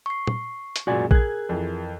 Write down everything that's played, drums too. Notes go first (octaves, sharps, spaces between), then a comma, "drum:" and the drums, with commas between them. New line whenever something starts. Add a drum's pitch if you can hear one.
C#6 C7
drum: tom
drum: hi-hat
F#2 A#2 G#3 F#4 D5 G#5
G#4 A#4 F#6 G#6, drum: kick A#1
F2 E3